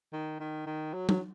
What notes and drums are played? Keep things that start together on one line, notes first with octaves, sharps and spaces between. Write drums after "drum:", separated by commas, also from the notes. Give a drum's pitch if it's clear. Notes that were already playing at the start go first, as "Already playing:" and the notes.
D#3
D#3
D#3
F#3
F#3, drum: tom F#3